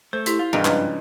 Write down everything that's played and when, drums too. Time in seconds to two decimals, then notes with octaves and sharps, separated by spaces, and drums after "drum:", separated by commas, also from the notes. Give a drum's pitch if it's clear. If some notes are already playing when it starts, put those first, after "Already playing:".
0.13 A3 C5 G6
0.26 E4 G4, drum: hi-hat
0.39 F4
0.53 G2 B2 D#3 E3 G#4 D#5 A#5
0.65 G#2 C#3 F3 B4 D#5 A#5, drum: clap